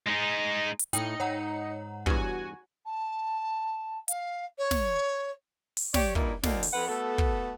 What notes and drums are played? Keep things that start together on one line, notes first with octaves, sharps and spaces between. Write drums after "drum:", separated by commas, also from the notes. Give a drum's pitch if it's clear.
G#3 D#4
drum: hi-hat
A2 D#4 D#5 G5 C#7, drum: hi-hat
G#2 C#5 F#5 A#5
E2 G2 F#4 G#5, drum: kick
A5
F5, drum: hi-hat
C#5
drum: snare
drum: open hi-hat
G4 C#5 D5, drum: snare
G2 A#2 A#3 D#4 E4, drum: kick
D2 A2 D3 A#3 D4 D#5, drum: snare
drum: open hi-hat
F2 B4 F#5
A3 B3 F#4 A4
drum: kick